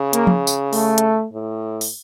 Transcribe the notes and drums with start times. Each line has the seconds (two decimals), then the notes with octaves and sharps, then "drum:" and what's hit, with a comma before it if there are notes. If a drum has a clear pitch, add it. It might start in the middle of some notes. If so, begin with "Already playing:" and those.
Already playing: C#3
0.13 A#3, drum: hi-hat
0.27 drum: tom
0.47 drum: tambourine
0.73 A3, drum: open hi-hat
0.98 drum: hi-hat
1.33 A2
1.81 drum: open hi-hat